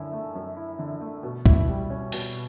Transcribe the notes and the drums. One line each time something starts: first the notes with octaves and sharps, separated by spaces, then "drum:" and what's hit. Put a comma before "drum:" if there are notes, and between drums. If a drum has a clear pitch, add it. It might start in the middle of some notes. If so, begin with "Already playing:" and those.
Already playing: F#2 D3 E4
A3
F#2
E4
D3
A3
B2
E4, drum: kick
G3
C#4
B2, drum: open hi-hat